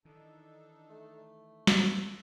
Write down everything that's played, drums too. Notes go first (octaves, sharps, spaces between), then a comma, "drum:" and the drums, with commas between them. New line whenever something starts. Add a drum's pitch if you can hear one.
D#3 E3 D4 D#4 A4
A3
A1 D#3 E3 C#4 F4 E6, drum: snare